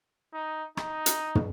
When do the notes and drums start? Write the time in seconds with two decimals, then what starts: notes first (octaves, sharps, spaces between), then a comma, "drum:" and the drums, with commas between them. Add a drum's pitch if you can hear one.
0.33 D#4
0.77 D#4, drum: rim click
1.06 drum: hi-hat
1.35 drum: tom